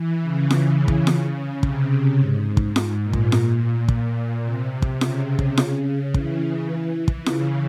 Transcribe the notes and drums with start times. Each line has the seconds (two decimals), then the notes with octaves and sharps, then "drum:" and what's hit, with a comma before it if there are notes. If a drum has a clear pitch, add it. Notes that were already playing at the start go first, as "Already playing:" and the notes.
Already playing: E3
0.22 C#3
0.50 drum: snare F4
0.88 drum: kick
1.07 drum: snare F4
1.63 C3, drum: kick
2.20 G#2
2.57 drum: kick
2.76 G#2, drum: snare F4
3.04 A#2
3.13 drum: kick
3.32 drum: snare F4
3.88 drum: kick
4.45 C3
4.82 drum: kick
5.01 C#3, drum: snare F4
5.39 drum: kick
5.57 drum: snare F4
6.14 E3, drum: kick
7.08 drum: kick
7.26 C#3, drum: snare F4